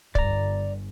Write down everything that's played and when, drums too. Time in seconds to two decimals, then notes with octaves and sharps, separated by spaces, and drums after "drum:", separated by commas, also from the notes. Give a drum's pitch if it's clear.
0.15 G1 D5 A#5, drum: kick